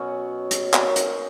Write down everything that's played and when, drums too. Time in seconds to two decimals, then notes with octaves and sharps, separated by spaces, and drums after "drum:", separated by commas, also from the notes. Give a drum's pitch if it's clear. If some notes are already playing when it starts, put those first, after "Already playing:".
Already playing: B2 F#3 C#4 F#4
0.51 drum: hi-hat
0.74 F#3 A#3 D#4, drum: clap
0.96 drum: hi-hat